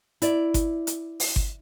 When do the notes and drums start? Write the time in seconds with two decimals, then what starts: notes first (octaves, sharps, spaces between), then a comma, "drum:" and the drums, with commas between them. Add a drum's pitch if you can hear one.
0.22 E4 D5, drum: hi-hat
0.54 drum: kick G1, hi-hat
0.87 drum: hi-hat
1.20 drum: open hi-hat
1.36 drum: kick G1